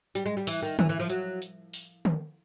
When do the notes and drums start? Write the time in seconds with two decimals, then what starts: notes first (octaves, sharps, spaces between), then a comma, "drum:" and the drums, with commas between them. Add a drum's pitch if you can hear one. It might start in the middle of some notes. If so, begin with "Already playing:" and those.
0.15 G3, drum: hi-hat
0.26 G#3
0.37 G3
0.47 E3, drum: open hi-hat
0.62 D#3
0.79 E3, drum: tom D3
0.89 E3
1.00 F3
1.10 F#3, drum: hi-hat
1.42 drum: hi-hat
1.73 drum: open hi-hat
2.05 drum: tom D3